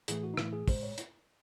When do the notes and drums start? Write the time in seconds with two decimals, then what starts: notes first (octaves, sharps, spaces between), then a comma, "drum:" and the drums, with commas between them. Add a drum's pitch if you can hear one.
0.08 A2 E3 A3 G#4, drum: hi-hat
0.23 F#4
0.34 D#4
0.37 A2 E3 A3 E4, drum: rim click
0.53 G#4
0.68 A2 G#3 C5, drum: kick, open hi-hat
0.83 C#5
0.98 drum: hi-hat